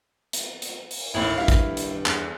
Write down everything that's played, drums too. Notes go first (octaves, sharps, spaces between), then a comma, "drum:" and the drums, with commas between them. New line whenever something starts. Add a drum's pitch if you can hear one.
drum: hi-hat
drum: hi-hat
drum: open hi-hat
A1 D#2 E4
G2 E4 F5
drum: kick, hi-hat
drum: hi-hat
E2, drum: clap